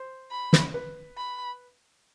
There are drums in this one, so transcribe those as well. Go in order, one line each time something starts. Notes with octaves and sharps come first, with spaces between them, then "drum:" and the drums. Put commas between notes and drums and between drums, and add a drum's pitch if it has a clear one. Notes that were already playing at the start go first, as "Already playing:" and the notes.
Already playing: C5
B5
drum: snare
B4
B5